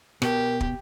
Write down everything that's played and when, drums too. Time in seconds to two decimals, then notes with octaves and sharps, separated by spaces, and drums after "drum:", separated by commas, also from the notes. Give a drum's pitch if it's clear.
0.22 B2 G4 A#4, drum: rim click
0.61 drum: kick